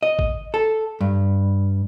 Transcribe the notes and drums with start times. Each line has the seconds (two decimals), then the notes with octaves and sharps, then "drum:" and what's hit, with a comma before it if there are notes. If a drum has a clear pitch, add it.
0.03 D#5
0.19 drum: kick G#1
0.54 A4
1.01 G2